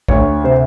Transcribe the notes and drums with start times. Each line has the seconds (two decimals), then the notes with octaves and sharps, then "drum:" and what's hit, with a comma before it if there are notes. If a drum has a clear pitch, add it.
0.08 D2 C#5, drum: kick A#1
0.44 C3 C5